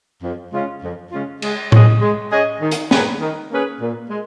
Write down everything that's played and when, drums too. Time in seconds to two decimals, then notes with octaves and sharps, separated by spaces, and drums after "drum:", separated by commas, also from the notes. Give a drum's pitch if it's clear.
0.23 F2
0.52 C#3 G#3 C#4 F4
0.83 F2
1.12 C#3 G#3 C#4 F4
1.42 G#3, drum: cymbal
1.72 C#4 G#4 D#5, drum: tom A2
2.01 G#3
2.31 C#4 G#4 D#5
2.61 D#3
2.71 drum: hi-hat
2.91 A#3 C#4 G#4 B4, drum: snare
3.20 D#3
3.50 A#3 C#4 G#4 B4
3.81 A#2
4.10 G#3